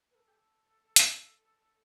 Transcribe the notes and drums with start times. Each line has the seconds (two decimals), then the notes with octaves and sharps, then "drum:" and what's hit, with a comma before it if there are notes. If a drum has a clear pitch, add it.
0.11 B4
0.15 A4
0.28 G4
0.32 A4
0.96 drum: hi-hat